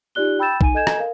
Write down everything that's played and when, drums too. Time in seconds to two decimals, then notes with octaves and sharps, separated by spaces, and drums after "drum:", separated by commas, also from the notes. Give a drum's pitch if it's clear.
0.15 D#4 F4 G4 D5 F#6 G7
0.39 G5 B5 E6 G6 A6 E7
0.61 D#4 G#5 D#7, drum: kick B1
0.74 A4 D#5 G#5 G6 G#6 E7
0.87 drum: rim click
0.98 A#4 F5